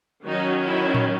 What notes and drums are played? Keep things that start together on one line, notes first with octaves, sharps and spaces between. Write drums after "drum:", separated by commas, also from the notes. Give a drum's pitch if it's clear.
D#3 F#3 C#4 D#4 F#4
E4
drum: tom A2